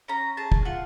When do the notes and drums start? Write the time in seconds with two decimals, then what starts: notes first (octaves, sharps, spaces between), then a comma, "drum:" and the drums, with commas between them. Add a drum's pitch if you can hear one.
0.08 C#4 A#5
0.37 G#4 A5
0.52 drum: kick
0.65 F4 F#5